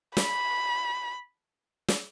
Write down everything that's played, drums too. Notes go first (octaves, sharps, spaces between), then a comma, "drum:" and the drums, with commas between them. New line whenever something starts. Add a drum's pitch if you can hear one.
B5, drum: snare
drum: snare